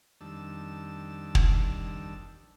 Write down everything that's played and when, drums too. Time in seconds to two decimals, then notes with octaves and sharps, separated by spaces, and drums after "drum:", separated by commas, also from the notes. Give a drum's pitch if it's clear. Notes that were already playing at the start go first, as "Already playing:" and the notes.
0.21 F2 D#3 G3 D4 A5 E6
1.35 drum: kick